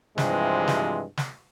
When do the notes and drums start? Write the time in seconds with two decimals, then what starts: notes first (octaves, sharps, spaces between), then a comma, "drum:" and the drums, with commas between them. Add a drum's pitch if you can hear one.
0.18 G2 C3 E3 F3 G#3, drum: snare
0.68 drum: snare
1.17 drum: snare